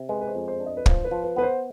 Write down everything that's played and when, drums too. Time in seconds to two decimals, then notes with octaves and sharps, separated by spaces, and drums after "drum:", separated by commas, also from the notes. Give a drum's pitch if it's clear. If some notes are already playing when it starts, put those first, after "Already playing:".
Already playing: C3
0.09 G#3 B4
0.21 B4
0.28 C5
0.35 F2
0.48 C5
0.60 D4
0.66 D#5
0.77 B4
0.86 F3 C5, drum: kick
1.04 B4
1.11 F3
1.24 B4
1.36 B3 B4
1.43 C5